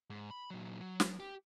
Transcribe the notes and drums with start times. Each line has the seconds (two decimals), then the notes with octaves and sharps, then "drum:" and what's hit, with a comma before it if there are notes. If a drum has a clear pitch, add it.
0.10 G#2
0.30 B5
0.50 A#2 F#3
0.80 F#3
1.00 drum: snare
1.20 G4